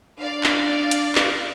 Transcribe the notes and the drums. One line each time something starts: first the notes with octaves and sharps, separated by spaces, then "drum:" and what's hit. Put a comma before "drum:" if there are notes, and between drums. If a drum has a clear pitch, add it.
D4 D5 F5
drum: clap
drum: hi-hat
drum: clap